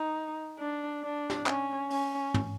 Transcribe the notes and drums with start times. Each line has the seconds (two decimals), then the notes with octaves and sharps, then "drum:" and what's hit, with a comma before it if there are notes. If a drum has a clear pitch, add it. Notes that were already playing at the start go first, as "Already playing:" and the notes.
Already playing: D#4
0.59 D4
1.03 D4
1.30 drum: snare
1.46 C#4, drum: clap
1.90 C#4, drum: open hi-hat
2.34 drum: tom